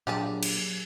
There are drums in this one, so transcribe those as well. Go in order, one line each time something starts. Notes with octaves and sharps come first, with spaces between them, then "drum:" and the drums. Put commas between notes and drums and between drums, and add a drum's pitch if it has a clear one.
A#1 A#2 F#3 G4 G#4 A5
drum: cymbal